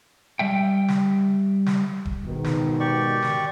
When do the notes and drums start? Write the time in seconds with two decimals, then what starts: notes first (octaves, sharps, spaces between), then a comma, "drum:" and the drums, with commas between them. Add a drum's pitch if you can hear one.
0.39 G3 E5 G5
0.88 drum: snare
1.66 drum: snare
2.05 drum: kick D#1
2.25 G#2 B2 D#3
2.44 drum: snare
2.80 G4 D5 C#6
3.22 drum: snare